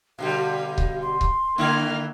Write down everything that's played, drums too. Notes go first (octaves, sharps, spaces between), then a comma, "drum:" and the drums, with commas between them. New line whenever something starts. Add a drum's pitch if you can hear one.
B2 D3 G3 F5
drum: kick C#1
C6
drum: kick C#1
D3 A#3 E4 F6